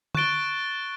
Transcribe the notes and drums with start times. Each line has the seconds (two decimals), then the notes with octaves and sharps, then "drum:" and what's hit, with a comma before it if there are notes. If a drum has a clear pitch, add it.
0.15 C#6 F#6 A6 D7 G7, drum: tom